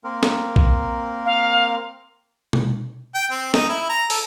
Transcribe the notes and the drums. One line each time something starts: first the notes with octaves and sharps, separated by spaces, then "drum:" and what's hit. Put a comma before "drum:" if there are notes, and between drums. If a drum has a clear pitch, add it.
A#3 C4 A#4
drum: snare
drum: kick
F5
drum: tom
G5
C4
D#4, drum: snare
E4
A#5
A4, drum: open hi-hat